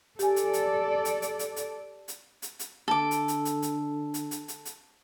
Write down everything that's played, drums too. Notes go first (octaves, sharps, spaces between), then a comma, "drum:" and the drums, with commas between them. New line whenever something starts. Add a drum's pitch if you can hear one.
G4 A4 D5 G#5, drum: hi-hat
drum: hi-hat
drum: hi-hat
drum: hi-hat
drum: hi-hat
drum: hi-hat
drum: hi-hat
drum: hi-hat
drum: hi-hat
drum: hi-hat
D3 A4 D6
drum: hi-hat
drum: hi-hat
drum: hi-hat
drum: hi-hat
drum: hi-hat
drum: hi-hat
drum: hi-hat
drum: hi-hat